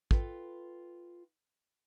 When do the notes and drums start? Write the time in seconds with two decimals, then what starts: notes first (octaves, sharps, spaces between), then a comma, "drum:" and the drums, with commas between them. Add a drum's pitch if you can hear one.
0.11 F4 A4 B4 G5, drum: kick